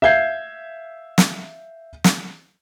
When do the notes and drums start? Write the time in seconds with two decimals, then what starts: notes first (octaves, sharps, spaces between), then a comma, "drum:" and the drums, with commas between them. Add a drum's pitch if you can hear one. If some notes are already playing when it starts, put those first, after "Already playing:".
0.02 E5 F5 G6 G#6 C7
1.18 drum: snare
2.04 drum: snare